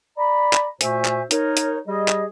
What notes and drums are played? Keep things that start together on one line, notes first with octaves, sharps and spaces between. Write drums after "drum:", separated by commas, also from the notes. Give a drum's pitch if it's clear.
D5 A#5 B5
drum: clap
A#2 A3 F#4 C5 E5 G#5, drum: hi-hat
drum: clap
D#4 A#4 C#5, drum: hi-hat
drum: hi-hat
G3 G4 G#4 D#5
drum: clap